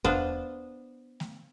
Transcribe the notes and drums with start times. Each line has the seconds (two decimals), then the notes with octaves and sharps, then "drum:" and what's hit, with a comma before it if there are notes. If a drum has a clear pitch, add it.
0.04 B3 D4 C5 F5, drum: kick E2
1.20 drum: snare A3